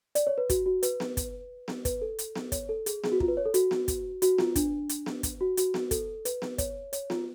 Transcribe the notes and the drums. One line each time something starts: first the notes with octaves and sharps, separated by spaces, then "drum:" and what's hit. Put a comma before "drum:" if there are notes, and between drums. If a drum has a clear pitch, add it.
D5, drum: hi-hat
C#5
B4
F#4, drum: kick, hi-hat
F#4
B4, drum: hi-hat
drum: snare B3
drum: kick, hi-hat
drum: snare B3
B4, drum: kick, hi-hat
A4
drum: hi-hat
drum: snare B3
C#5, drum: kick, hi-hat
A4
G#4, drum: hi-hat
G#4, drum: snare B3
F#4
F4, drum: kick
B4
C#5
A4
F#4, drum: hi-hat
drum: snare B3
drum: kick, hi-hat
F#4, drum: hi-hat
F4, drum: snare B3
D4, drum: kick, hi-hat
drum: hi-hat
drum: snare B3
drum: kick, hi-hat
F#4
F#4, drum: hi-hat
drum: snare B3
A4, drum: kick, hi-hat
B4, drum: hi-hat
drum: snare B3
C#5, drum: kick, hi-hat
C#5, drum: hi-hat
F4, drum: snare B3